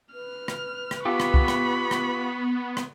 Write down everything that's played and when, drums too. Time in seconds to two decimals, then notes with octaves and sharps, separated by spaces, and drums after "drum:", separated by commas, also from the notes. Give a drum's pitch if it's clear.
0.14 B4 F6
0.48 drum: rim click
0.91 drum: rim click
1.05 B3 F4 G4 A4 B5 C#6
1.20 drum: rim click
1.34 drum: kick
1.48 drum: rim click
1.91 drum: rim click
2.77 drum: rim click